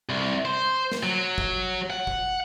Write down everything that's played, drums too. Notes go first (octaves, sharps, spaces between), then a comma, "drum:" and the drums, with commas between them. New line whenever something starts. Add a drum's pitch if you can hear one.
C2
C5
drum: snare
F#3
drum: kick
F#5
drum: kick